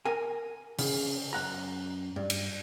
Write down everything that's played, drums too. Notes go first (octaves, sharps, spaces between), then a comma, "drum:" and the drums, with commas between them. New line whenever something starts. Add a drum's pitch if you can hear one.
A#4 G#5
C#3, drum: open hi-hat
F#2 F#5 A#5
G2
drum: cymbal